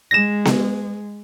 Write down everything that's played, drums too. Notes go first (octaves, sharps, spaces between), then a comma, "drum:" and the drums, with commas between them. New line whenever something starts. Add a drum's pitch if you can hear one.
G#3 A#6 E7
drum: snare B3